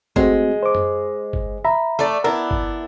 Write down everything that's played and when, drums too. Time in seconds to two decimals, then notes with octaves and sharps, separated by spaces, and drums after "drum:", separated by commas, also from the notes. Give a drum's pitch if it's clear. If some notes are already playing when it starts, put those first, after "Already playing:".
0.16 G#3 A3 C4 F#4, drum: kick F#1
0.63 C5 D6
0.75 drum: tom F#2
1.33 drum: kick F#1
1.64 E5 A#5 B5
1.99 A3 D5
2.24 B3 D4 E4 A#4
2.51 drum: kick F#1